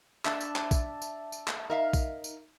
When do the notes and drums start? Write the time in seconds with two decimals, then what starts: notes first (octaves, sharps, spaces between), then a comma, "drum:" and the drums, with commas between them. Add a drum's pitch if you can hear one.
0.25 D4 E5 A5, drum: clap
0.41 drum: tambourine
0.56 drum: clap
0.71 drum: kick A#1, tambourine
1.02 drum: tambourine
1.32 drum: tambourine
1.48 drum: clap
1.70 D#4 A#4 E5 F5
1.93 drum: kick A#1, tambourine
2.24 drum: tambourine